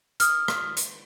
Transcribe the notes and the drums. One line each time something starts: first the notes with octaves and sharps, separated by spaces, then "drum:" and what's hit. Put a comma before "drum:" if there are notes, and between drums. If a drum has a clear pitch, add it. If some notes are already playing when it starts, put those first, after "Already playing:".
D#6 F6, drum: hi-hat
drum: rim click
drum: hi-hat